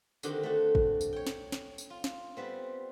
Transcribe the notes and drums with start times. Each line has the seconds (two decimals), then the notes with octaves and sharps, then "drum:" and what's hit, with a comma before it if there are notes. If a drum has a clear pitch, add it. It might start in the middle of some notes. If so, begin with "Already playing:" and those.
0.23 D3 D#3 C4 F#4 G4, drum: tambourine
0.43 A3 F#4
0.75 drum: kick
1.01 drum: tambourine
1.13 C#5 G5
1.27 drum: snare
1.52 drum: snare
1.78 drum: tambourine
1.90 F4
2.04 drum: snare
2.37 G3 B3 C4